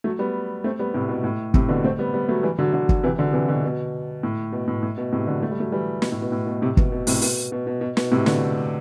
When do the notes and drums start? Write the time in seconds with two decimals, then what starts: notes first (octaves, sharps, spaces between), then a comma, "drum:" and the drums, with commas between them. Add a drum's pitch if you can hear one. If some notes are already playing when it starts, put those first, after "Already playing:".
0.04 F#3 A3
0.19 G3 B3
0.64 A3 C4
0.79 G3 B3
0.94 A2 C3
1.09 B2
1.24 A2
1.54 A2 C3, drum: kick
1.68 B2 D3
1.84 A3 C4
1.99 G3 B3
2.14 G3 B3
2.29 F#3 A3
2.43 E3 G3
2.58 D3 F#3
2.73 D3 F#3
2.89 drum: kick
3.03 C3 E3
3.18 D3 F#3
3.33 C3 E3
3.48 B2 D3
3.64 B2
4.23 A2
4.52 B2
4.68 A2
4.83 A2
4.98 B2
5.13 A2 C3
5.27 D3 F#3
5.43 A3
5.51 G3
5.60 F#3 A3
5.72 E3 G3
6.02 B2, drum: snare
6.12 A2
6.22 B2
6.32 A2
6.47 B2
6.62 A2 C3
6.77 B2, drum: kick
6.92 B2
7.07 A2 C3, drum: open hi-hat
7.22 B2, drum: open hi-hat
7.52 B2
7.67 B2
7.81 B2
7.97 B2, drum: snare
8.11 A2 C3
8.26 B2 D3, drum: snare